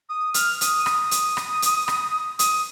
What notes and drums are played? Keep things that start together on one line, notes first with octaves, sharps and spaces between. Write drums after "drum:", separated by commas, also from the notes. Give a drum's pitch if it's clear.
D#6
F6, drum: hi-hat
D#6, drum: hi-hat
D#6, drum: rim click
drum: hi-hat
drum: rim click
drum: hi-hat
drum: rim click
D#6, drum: hi-hat